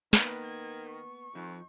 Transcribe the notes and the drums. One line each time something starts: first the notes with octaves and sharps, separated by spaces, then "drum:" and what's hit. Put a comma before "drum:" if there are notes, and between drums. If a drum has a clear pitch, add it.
D#3 A#3 B3 B4, drum: snare
G#6
C#6
F2 F3 D#4